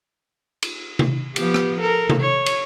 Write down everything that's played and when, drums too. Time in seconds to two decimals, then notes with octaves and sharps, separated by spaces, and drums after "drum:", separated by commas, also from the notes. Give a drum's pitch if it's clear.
0.62 drum: cymbal
0.99 drum: tom C3
1.36 F3 B3 G4, drum: cymbal
1.54 drum: rim click
1.80 A4 A#4
2.10 drum: tom C3
2.20 C#5
2.46 drum: cymbal